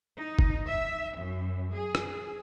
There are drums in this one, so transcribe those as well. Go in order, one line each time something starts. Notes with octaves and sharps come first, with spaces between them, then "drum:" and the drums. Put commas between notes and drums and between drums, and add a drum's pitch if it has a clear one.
D#4
drum: kick
E5
F#2
G#4
drum: rim click